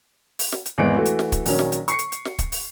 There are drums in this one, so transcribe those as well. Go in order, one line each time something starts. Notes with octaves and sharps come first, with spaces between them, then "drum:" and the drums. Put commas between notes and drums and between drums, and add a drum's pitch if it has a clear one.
drum: open hi-hat
drum: snare
drum: hi-hat
G#1 E2 E3 G#3 D7
E3 A3 F#4
drum: hi-hat
drum: snare
drum: kick, hi-hat
A#1 D#3 F#3 C#4, drum: open hi-hat
drum: snare
drum: hi-hat
C#6 C7 C#7, drum: hi-hat
drum: hi-hat
drum: hi-hat
drum: snare
drum: kick, hi-hat
drum: open hi-hat